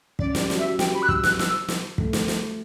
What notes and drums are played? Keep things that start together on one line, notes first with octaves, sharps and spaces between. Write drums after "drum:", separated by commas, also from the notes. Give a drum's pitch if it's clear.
C#4 D5, drum: kick
G3, drum: snare
D5
F#3, drum: snare
E5
F#3
G3 G5, drum: snare
B5
F#6
E6, drum: kick
F#6, drum: snare
E6, drum: snare
drum: snare
A3, drum: kick
drum: snare
drum: snare